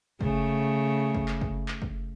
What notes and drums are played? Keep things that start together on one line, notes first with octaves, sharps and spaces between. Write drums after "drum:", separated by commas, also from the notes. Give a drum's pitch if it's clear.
C#3 A3, drum: kick
drum: kick
drum: clap
drum: kick
drum: clap
drum: kick